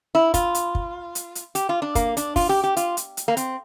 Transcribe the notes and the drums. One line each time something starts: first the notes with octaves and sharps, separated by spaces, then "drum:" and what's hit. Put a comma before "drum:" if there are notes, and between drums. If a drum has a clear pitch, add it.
E4
F4, drum: kick, hi-hat
drum: hi-hat
drum: kick
drum: hi-hat
drum: hi-hat
G4, drum: hi-hat
F4
D4
A#3, drum: kick, hi-hat
D4, drum: hi-hat
F4, drum: kick, open hi-hat
G4
G4
F4, drum: hi-hat
drum: hi-hat
drum: hi-hat
A#3
C4, drum: hi-hat